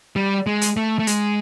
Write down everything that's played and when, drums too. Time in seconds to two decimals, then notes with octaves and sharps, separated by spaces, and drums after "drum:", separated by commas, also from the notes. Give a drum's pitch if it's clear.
0.16 G3
0.47 G#3
0.62 drum: hi-hat
0.77 A3
0.99 A3
1.07 G#3, drum: hi-hat